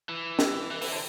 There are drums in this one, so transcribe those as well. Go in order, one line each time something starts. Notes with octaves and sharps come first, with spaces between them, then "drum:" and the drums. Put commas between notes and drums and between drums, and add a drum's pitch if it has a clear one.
E3
drum: snare
E3
E3, drum: open hi-hat
D3